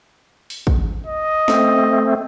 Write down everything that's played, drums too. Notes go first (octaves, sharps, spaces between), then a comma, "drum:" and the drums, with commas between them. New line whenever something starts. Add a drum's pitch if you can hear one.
drum: open hi-hat
drum: kick
D#5
A3 C4, drum: snare